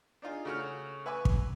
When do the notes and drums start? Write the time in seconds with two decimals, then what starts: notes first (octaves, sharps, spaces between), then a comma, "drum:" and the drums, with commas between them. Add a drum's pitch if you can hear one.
0.22 D4 D#4 F4 G#4
0.45 C#3 A3 F#4 C#5 F6
1.06 B4 E5 G#5 B5 C#6 D6
1.25 drum: kick